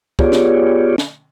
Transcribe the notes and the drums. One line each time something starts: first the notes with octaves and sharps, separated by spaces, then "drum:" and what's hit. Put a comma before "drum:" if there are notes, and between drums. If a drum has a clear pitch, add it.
B3 F4 G4 G#4 C#5 D5, drum: kick
drum: snare
drum: snare